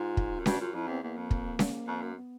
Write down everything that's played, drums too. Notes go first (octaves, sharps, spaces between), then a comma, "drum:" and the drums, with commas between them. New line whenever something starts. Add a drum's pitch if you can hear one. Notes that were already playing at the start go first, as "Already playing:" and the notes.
Already playing: G#2 F4
drum: kick
F#2
G2 F#4, drum: snare C#4
F#2 F4
F2 E4
E2 C4
E2 A#3
F2
drum: kick
drum: snare C#4
F2
F#2
B3